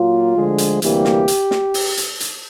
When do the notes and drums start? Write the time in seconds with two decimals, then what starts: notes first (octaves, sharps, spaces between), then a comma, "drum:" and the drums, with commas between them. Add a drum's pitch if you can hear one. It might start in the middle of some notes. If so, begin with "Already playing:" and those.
Already playing: A#2 F#3 A#3 F4
0.35 D2 D3 F3 G#3
0.58 drum: hi-hat
0.82 D2 C3 E3 G3 A#3 G4, drum: hi-hat
1.05 drum: snare
1.28 drum: hi-hat
1.51 drum: snare
1.74 drum: open hi-hat
1.97 drum: hi-hat
2.20 drum: hi-hat